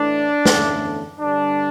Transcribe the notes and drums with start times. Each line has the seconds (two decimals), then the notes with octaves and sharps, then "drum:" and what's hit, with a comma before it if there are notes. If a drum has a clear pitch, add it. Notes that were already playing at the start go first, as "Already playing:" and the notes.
Already playing: A2 E3 A3 D4
0.45 E2 D3 A3 C#4, drum: snare
1.19 G2 D3 G3 D4